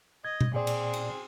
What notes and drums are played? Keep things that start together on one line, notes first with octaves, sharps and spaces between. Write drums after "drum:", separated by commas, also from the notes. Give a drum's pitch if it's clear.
D#5 G#6
drum: tom B2
A#2 C4 G#4 D5
drum: cymbal
drum: cymbal